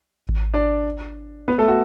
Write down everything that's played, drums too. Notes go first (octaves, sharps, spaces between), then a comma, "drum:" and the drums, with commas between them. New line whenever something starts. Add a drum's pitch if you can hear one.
drum: kick G#1
D4 D5
B3 B4
A3 A4
F#4